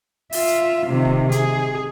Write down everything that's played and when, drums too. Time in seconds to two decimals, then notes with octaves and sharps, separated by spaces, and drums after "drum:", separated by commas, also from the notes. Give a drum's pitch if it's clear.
0.33 F4 E5, drum: open hi-hat
0.48 drum: hi-hat
0.86 C3 D#3
1.05 drum: kick
1.32 G#4, drum: hi-hat